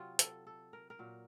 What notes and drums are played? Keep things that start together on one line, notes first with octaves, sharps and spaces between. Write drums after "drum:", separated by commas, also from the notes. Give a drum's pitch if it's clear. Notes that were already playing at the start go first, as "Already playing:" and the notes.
Already playing: C3 F#3 F4
A4, drum: hi-hat
A4
A#4
A#4
A#2 F#3